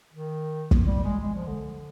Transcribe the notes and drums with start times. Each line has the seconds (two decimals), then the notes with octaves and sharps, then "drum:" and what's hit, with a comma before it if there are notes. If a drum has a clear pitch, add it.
0.13 D#3
0.71 drum: kick
0.86 G3
1.04 G#3
1.22 G#3
1.35 F3
1.47 D3